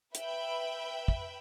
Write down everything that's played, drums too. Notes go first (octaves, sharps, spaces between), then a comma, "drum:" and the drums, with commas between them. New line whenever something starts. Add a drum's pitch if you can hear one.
B4 E5 G5 B5, drum: hi-hat
drum: kick